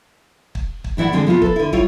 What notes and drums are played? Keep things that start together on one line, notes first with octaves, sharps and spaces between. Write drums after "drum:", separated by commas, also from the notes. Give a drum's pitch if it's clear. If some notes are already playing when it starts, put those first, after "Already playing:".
drum: kick
drum: kick
A2 E3 E4 D5 F#5
D3 F3 G3 G#3 C4 D4
C3 F3 B3 F4
A4 B4, drum: kick
D3 E4
G3 E4 F4 C#5, drum: kick